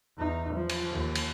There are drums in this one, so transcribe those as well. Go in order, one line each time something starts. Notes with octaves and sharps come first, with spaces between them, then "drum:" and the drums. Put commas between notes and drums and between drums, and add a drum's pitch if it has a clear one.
E2 D#4
F3
drum: cymbal
D#2
drum: cymbal